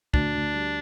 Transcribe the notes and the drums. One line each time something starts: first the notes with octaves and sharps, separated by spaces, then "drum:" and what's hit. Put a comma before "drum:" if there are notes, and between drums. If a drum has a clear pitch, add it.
D2 D4, drum: kick
D2
G3